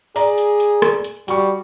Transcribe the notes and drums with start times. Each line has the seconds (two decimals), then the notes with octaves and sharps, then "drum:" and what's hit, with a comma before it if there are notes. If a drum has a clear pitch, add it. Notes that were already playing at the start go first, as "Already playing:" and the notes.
0.16 G#4 D5 A#5, drum: open hi-hat
0.38 drum: hi-hat
0.60 drum: hi-hat
0.82 drum: rim click
1.04 drum: hi-hat
1.28 G3 F#4 C#6, drum: hi-hat